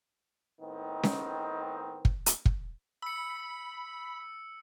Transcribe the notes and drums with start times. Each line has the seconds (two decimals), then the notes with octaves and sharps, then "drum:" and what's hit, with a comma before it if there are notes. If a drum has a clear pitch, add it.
0.61 A2 D#3 B3 C4 D#4
1.03 drum: snare C#4
2.05 drum: kick
2.26 drum: hi-hat
2.46 drum: kick
3.02 B5 E6 C#7